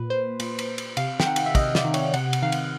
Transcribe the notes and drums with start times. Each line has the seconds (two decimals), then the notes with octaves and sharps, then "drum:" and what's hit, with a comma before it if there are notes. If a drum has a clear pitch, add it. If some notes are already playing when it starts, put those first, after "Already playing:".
Already playing: A#2 B4
0.10 C5
0.40 A#2, drum: cymbal
0.59 drum: cymbal
0.78 drum: cymbal
0.97 C3 F5, drum: cymbal
1.20 G5, drum: snare
1.26 D#3 F#5
1.36 drum: cymbal
1.46 E5
1.55 C3 D#5, drum: kick, cymbal
1.75 D5, drum: snare
1.85 D#3
1.94 C#5, drum: cymbal
2.14 C3 F#5, drum: cymbal
2.33 drum: cymbal
2.42 D#3 F5
2.52 drum: cymbal